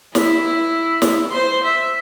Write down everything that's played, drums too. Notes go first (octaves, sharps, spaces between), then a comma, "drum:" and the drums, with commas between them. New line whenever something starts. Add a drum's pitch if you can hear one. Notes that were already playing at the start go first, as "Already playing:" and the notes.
E4, drum: snare
drum: snare
C5 C6
E5